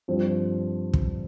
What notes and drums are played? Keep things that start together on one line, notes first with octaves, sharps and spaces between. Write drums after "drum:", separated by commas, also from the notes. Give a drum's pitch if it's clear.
G2 F3 C4
drum: kick